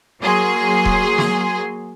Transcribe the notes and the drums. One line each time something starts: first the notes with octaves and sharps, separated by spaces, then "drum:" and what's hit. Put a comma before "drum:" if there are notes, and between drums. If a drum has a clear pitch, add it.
F#3 A#3 G#4 C6
drum: kick D#1
drum: snare